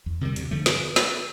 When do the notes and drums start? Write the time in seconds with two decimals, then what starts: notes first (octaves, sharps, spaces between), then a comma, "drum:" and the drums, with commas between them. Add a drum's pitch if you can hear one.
0.06 E2
0.21 C3 D#3 G3
0.36 D2, drum: hi-hat
0.51 D3 F3 A3
0.66 G2, drum: snare
0.96 drum: snare